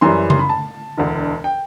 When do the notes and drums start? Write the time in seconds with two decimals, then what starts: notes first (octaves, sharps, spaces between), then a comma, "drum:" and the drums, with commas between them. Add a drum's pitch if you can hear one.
0.01 F#2 E3 G3 C6
0.30 C6, drum: tom C#3
0.39 B5
0.49 A5
0.97 E1 D2 D3
1.44 G5